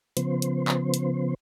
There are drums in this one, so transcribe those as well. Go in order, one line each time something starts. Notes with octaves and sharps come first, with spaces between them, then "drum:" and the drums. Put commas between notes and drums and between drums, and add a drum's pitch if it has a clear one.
C#3 F3 B3 C5, drum: hi-hat
drum: hi-hat
drum: clap
drum: hi-hat